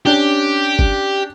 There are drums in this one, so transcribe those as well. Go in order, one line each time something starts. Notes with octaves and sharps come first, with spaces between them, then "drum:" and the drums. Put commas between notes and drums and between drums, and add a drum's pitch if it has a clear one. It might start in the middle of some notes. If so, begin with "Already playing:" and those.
C#4 D4 G4 G5
drum: kick